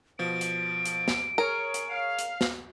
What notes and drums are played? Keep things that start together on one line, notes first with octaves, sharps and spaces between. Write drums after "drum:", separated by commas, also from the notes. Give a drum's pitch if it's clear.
B2 F3 D7
drum: hi-hat
drum: hi-hat
drum: snare
G#4 A#4 C#5 C#6
drum: hi-hat
F5
drum: hi-hat
drum: snare